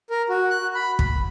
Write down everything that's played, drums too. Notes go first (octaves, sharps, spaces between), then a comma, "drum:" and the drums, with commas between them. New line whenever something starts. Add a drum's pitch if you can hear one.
A#4
F#4
F#6
B5
B5, drum: kick